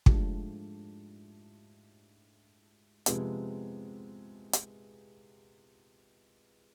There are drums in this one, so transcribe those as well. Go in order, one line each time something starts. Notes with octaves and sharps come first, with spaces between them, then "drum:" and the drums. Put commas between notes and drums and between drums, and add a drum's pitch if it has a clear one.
G#2 F3 A3 D4 G4, drum: kick
C3 F3 G#3 B3, drum: hi-hat
drum: hi-hat